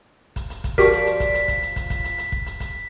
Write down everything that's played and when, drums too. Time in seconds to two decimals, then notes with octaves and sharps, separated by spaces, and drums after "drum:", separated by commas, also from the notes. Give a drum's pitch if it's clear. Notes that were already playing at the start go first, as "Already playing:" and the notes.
0.36 drum: kick, hi-hat
0.50 drum: hi-hat
0.64 drum: kick, hi-hat
0.78 F3 F#4 G4 A#4 D5 B6, drum: kick, hi-hat
0.92 drum: hi-hat
1.06 drum: hi-hat
1.20 drum: kick, hi-hat
1.34 drum: hi-hat
1.48 drum: kick, hi-hat
1.62 drum: hi-hat
1.76 drum: kick, hi-hat
1.90 drum: kick, hi-hat
2.04 drum: hi-hat
2.18 drum: hi-hat
2.32 drum: kick
2.46 drum: hi-hat
2.60 drum: kick, hi-hat